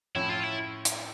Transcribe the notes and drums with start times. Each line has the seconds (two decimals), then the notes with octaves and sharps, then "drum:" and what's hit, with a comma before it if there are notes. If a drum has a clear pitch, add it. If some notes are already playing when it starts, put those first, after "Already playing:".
0.15 A2 F3 C#4 E4
0.29 F4
0.43 E4
0.85 drum: hi-hat